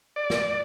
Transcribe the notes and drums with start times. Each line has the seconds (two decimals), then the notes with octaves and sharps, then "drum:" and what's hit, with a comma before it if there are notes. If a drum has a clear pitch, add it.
0.16 D5
0.30 drum: snare